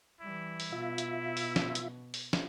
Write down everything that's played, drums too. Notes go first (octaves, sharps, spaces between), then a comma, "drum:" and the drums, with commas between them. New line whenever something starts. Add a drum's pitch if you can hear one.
E3 G3 E4
drum: open hi-hat
B2 F4 E5
drum: hi-hat
drum: open hi-hat
drum: snare
drum: hi-hat
drum: open hi-hat
drum: snare